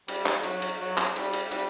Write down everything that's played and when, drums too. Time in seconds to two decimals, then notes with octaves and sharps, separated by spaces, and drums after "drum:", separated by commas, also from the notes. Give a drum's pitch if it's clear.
0.08 G3, drum: cymbal
0.26 drum: clap
0.44 F#3, drum: cymbal
0.62 drum: cymbal
0.80 F#3
0.98 drum: clap
1.16 G3, drum: cymbal
1.33 drum: cymbal
1.51 G3, drum: cymbal